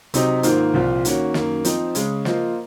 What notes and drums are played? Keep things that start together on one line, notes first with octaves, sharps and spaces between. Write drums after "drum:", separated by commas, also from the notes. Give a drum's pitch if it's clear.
C3 F#3 C4 D#4, drum: hi-hat
G#2 D#3 A#3 F4 C5, drum: hi-hat
C2 A#2 F3 C4 F4
D#3 A#3 C#4 F#4, drum: hi-hat
F#2 D#3 A#3, drum: snare
F3 C4 D#4, drum: hi-hat
C#3 G#3 C#4, drum: hi-hat
F3 A#3 F4 C5 D#5, drum: snare